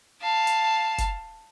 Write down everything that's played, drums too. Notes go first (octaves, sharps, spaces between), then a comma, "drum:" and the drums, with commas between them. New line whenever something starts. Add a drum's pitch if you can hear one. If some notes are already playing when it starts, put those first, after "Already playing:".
F5 A5
drum: hi-hat
drum: kick, hi-hat